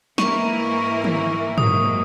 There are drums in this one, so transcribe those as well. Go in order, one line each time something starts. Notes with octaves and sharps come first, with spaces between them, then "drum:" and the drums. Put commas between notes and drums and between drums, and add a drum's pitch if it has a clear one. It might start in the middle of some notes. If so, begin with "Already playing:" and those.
G#2 E3 A#3 E4 A#4 C#6, drum: snare
drum: tom
G#2 F#3 A#3 D#6, drum: tom